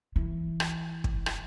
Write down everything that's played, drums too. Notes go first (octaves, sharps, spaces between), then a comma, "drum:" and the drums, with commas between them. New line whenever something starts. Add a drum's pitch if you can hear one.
E3
drum: rim click
drum: kick
drum: rim click